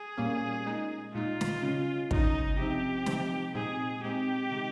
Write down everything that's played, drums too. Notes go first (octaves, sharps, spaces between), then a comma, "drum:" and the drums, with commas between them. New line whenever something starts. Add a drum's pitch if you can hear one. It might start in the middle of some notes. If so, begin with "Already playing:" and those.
Already playing: G#4
A#2 G3 A#3 C#4
A#2 G#3 D#4
A#2 G#3 D#4 F4
drum: snare
C#3 G#3 C#4
C#3 G#3 C#4 D#4, drum: kick
C3 F3 C4 D#4 G4
C3 F3 C4 D#4, drum: snare
A#2 G#3 C4 D#4 G#4
A#2 G#3 C4 D#4 G4
C3 D#3 G#3 D#4